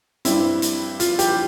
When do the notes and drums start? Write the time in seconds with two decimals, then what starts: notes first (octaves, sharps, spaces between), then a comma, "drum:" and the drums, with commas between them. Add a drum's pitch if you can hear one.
0.25 G2 G3 C4 E4, drum: hi-hat
0.62 drum: hi-hat
1.00 F4, drum: hi-hat
1.19 G4, drum: hi-hat